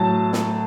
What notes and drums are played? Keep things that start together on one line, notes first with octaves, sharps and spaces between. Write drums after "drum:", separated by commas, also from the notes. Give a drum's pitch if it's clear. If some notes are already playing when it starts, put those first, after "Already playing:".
Already playing: A2 F#3 A5
drum: snare